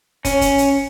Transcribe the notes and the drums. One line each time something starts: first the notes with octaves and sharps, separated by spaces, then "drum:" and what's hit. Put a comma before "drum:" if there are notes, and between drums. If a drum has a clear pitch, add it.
C#4, drum: kick, hi-hat
drum: kick, hi-hat
drum: hi-hat